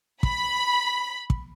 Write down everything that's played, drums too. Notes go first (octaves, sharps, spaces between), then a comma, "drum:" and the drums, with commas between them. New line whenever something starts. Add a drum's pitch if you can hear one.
B5, drum: kick
drum: kick